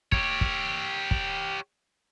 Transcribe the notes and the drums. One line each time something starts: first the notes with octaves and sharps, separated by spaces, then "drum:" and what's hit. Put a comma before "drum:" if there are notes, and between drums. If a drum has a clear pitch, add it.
G4 C#5, drum: kick
drum: kick
drum: kick